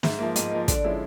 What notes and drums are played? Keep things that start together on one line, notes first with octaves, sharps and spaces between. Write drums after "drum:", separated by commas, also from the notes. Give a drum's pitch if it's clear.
G#2 E5, drum: snare
F3 A#3
G#2 D#5, drum: hi-hat
F3 A#3
D3 D5, drum: kick, hi-hat
F3 G#3 C#4 E4